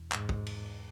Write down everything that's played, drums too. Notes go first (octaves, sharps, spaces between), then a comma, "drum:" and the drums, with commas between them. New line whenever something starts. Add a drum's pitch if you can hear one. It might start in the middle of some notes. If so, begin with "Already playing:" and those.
Already playing: E2 B2
G#2, drum: clap
drum: kick
drum: cymbal